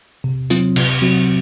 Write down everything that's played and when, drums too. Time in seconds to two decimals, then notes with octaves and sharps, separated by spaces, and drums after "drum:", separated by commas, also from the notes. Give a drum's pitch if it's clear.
0.24 C3
0.50 F#3 C4 F4, drum: hi-hat
0.76 C3, drum: cymbal
1.02 F#3 C4 F#4